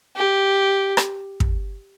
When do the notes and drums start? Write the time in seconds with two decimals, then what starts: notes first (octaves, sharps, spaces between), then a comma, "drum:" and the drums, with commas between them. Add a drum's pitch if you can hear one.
0.16 G4
0.97 drum: rim click
1.40 drum: kick